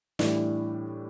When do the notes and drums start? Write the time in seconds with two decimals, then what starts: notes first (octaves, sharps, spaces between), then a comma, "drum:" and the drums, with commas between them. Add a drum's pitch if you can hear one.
0.19 A2 E3 G3 D4, drum: snare